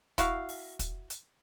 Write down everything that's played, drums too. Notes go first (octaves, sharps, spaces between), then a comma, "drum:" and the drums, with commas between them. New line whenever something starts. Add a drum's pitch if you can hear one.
E4 F#4 F5, drum: kick, hi-hat
drum: open hi-hat
drum: kick, hi-hat
drum: hi-hat